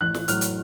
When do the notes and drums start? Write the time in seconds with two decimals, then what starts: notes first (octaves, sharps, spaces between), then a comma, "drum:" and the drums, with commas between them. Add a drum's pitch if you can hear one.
0.01 A1 F#6
0.14 drum: snare
0.28 A2 F#3 F6, drum: hi-hat
0.41 drum: hi-hat